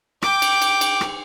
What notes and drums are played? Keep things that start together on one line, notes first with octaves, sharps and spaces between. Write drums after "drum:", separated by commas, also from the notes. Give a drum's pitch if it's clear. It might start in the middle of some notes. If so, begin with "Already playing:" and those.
G5 D6, drum: rim click
drum: cymbal
drum: cymbal
drum: cymbal
drum: rim click